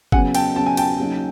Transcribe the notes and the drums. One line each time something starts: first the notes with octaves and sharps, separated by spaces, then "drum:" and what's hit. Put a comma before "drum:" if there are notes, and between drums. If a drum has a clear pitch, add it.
C#3 F#3 B3 F#5 G#5, drum: kick
G5 A5, drum: cymbal
C#3 F#3 B3 A5
G#5
G5 A5, drum: cymbal
C#3 F#3 A#3 D#4